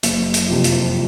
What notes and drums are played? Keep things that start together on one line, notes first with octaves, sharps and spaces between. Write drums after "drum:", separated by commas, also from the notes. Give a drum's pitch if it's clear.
F#1, drum: hi-hat
drum: hi-hat
F2 C3
drum: hi-hat